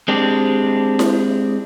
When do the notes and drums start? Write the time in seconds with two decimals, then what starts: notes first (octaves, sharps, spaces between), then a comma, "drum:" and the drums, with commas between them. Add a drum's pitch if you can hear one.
0.08 G#3 C4 D4 G4
0.99 drum: snare E4